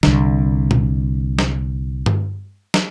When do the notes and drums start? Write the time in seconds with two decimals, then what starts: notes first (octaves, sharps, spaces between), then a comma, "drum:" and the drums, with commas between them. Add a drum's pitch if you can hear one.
0.03 C2 D3, drum: snare
0.71 drum: tom A#2
1.39 drum: snare
2.06 drum: tom G2
2.74 drum: snare